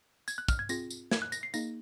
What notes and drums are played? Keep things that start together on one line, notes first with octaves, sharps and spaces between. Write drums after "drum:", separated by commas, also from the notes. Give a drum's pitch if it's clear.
G#6, drum: tambourine
F#6
F6, drum: kick, tambourine
G#6
C4 F4 G#4 A#6, drum: tambourine
drum: tambourine
G#6, drum: snare
F#6
A#6, drum: tambourine
C7
A#3 D#4 G#4 A#6, drum: tambourine